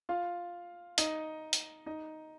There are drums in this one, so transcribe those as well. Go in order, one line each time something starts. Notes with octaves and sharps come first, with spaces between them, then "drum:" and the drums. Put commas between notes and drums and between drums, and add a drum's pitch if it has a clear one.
F4 F5
D#4 D#5, drum: hi-hat
drum: hi-hat
D#4 D#5